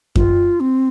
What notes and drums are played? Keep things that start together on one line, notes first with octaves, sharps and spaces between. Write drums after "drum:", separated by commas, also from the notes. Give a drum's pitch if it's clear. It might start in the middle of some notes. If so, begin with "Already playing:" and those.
F4, drum: kick F#2
C4